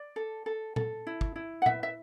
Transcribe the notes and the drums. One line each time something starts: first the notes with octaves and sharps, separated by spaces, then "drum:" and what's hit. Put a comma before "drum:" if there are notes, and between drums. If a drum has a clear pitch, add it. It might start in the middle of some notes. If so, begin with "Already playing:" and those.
Already playing: D5
A4
A4
A4, drum: tom A#2
E4
drum: kick
E4
F#5
B4 E5, drum: tom A#2
E5